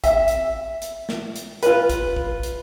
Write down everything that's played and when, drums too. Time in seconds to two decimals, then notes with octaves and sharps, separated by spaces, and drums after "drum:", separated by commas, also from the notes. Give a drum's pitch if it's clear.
0.04 E5, drum: kick, hi-hat
0.28 drum: hi-hat
0.82 drum: hi-hat
1.09 drum: snare
1.36 drum: hi-hat
1.63 F4 B4, drum: hi-hat
1.90 drum: kick, hi-hat
2.16 drum: kick
2.43 drum: hi-hat